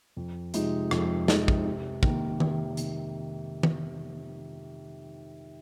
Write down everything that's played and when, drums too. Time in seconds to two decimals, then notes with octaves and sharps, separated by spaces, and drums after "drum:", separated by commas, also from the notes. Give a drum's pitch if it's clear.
0.17 F2
0.54 C3 F3 G#3 D#4, drum: hi-hat
0.91 F2, drum: rim click
1.28 C3 F3 G#3 D#4, drum: snare
1.48 drum: kick
1.66 C3
2.03 D#3 A#3, drum: kick
2.40 C3, drum: tom D#3
2.77 D#3 A#3, drum: hi-hat
3.63 drum: tom D#3